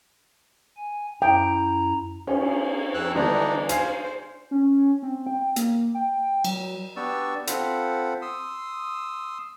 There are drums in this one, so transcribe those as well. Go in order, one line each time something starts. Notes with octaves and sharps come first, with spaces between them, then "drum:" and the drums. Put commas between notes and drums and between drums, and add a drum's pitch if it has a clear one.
G#5
F#2 E4 G5 A#5
C#4, drum: cymbal
F2 E6 F#6
D3 E3 G3 B3 D4 D#4
C5 F5 G#5 G#6 C7, drum: hi-hat
C5
C#4
C4
G5
A#3, drum: hi-hat
G5
F#3, drum: cymbal
B3 D4 G4 D5 C#6 E6
C4 F4 A4 C5 F#5 B5, drum: hi-hat
C6 D#6 E6